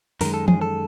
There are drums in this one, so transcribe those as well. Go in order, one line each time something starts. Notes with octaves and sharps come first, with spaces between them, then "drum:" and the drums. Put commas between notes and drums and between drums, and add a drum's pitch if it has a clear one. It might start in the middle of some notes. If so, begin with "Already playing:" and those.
F#2 D#3 G#3 A#4, drum: open hi-hat
A4
G#4, drum: tom E3
A4